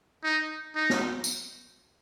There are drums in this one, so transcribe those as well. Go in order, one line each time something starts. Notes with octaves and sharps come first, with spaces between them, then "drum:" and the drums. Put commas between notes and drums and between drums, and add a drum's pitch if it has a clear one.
D#4
D#4
drum: snare
drum: tambourine